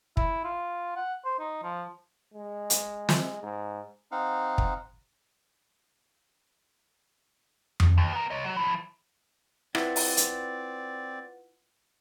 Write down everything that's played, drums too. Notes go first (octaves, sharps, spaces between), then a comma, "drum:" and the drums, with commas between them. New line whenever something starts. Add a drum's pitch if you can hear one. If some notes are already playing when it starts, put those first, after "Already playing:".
E4, drum: kick
F4
F#5
C5
D#4
F3
G#3
drum: hi-hat
drum: snare
G#2
C4 D#4 F5 F#5
drum: kick
drum: tom F2
D#2
B3 A#4
C#5 D#5
F#3
F3 E4
C4 E4 F4 B4 D5 F#5, drum: rim click
drum: open hi-hat
drum: hi-hat